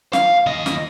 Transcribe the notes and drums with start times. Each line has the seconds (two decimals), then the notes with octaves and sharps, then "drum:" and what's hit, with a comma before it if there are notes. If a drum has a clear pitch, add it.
0.13 F5, drum: snare
0.47 D#2 D#5
0.66 drum: snare